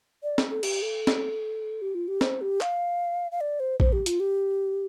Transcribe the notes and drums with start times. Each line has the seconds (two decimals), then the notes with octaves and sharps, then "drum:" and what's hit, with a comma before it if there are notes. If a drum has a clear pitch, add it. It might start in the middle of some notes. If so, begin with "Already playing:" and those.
0.23 D5
0.38 drum: snare C4
0.50 A4
0.63 G4, drum: cymbal
0.82 A4
1.07 drum: snare C4
1.82 G4
1.95 F4
2.08 G4
2.21 C5, drum: snare C4
2.41 G4
2.61 F5, drum: clap
3.32 F5
3.41 D5
3.60 C5
3.80 C5, drum: kick A#1
3.93 G4
4.06 F4, drum: hi-hat
4.20 G4